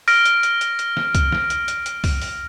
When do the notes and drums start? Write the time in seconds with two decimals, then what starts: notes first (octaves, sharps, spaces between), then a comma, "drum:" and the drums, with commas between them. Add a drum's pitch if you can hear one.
0.08 F6 A#6 D7, drum: open hi-hat
0.25 drum: hi-hat
0.43 drum: hi-hat
0.61 drum: hi-hat
0.79 drum: hi-hat
0.97 drum: snare
1.15 drum: kick C2, hi-hat
1.32 drum: snare
1.50 drum: hi-hat
1.68 drum: hi-hat
1.86 drum: hi-hat
2.04 drum: kick C2, open hi-hat
2.22 drum: open hi-hat